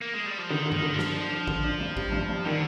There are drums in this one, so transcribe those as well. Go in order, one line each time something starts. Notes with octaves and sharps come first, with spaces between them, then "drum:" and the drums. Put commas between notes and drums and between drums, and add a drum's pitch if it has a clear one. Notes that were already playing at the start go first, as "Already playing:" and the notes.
A#3
G#3
G3
F3
D3 D#3
D3
D#3, drum: tom G2
D3
F3
D3, drum: snare
D4
D4
D3, drum: kick A1
D4
G2
G3, drum: kick A1
G2
G2
D3 D#3